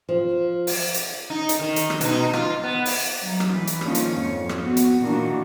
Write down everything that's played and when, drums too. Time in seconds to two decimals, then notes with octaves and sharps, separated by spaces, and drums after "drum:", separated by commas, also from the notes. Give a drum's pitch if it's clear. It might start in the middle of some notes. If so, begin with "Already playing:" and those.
0.09 F3
0.67 drum: open hi-hat
0.94 drum: hi-hat
1.30 D#4
1.49 drum: hi-hat
1.59 D#3
1.76 drum: hi-hat
1.90 drum: rim click
2.01 B2 D#4, drum: hi-hat
2.33 F4, drum: rim click
2.64 B3
2.85 drum: open hi-hat
3.20 F#3 D#4
3.40 drum: rim click
3.51 E3 B4
3.67 drum: hi-hat
3.81 D#3 F3 A#3 C#4 D4, drum: rim click
3.95 drum: hi-hat
4.14 F2 G#2 C#5
4.49 drum: rim click
4.63 B3 F#4
4.77 drum: hi-hat
5.00 A#2 D#3 E3 A#3 D4 F#4